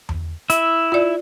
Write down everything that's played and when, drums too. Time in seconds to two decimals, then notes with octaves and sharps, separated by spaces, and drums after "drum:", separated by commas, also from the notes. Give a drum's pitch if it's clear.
0.09 drum: tom E2
0.50 E4 E5, drum: hi-hat
0.92 F4 D5